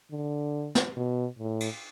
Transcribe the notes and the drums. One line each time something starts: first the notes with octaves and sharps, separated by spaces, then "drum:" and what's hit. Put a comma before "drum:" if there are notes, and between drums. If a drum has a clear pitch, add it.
D3
drum: snare
B2
A2
drum: cymbal